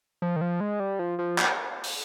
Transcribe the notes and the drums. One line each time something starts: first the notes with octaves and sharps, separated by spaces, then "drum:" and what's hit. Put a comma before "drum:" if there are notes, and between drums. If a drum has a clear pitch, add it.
F3
D#3
F3
G#3
G3
F3
F3
drum: clap
drum: open hi-hat